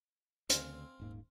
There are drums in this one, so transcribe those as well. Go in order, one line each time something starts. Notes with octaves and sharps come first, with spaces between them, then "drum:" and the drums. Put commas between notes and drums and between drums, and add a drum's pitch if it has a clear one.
D2 C#3 C4 F5 G#5, drum: hi-hat
D#1 G#2 A#3